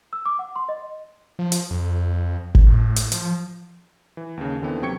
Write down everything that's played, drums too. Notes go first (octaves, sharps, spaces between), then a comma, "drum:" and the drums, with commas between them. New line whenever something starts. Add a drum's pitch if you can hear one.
E6
D6
F#5
C6
D#5
F3
drum: hi-hat
F2
drum: kick G1
A2
drum: hi-hat
F3, drum: hi-hat
E3
D#2 C#3
D#2 D3 E3 B3 C4
C3 F#3 G5 C#6 G#6 C#7